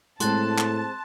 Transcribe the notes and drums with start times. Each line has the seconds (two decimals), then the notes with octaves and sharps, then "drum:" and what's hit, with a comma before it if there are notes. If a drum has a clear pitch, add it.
0.20 A2 G#3 C4 A5 C6 F#6 A6, drum: hi-hat
0.58 drum: clap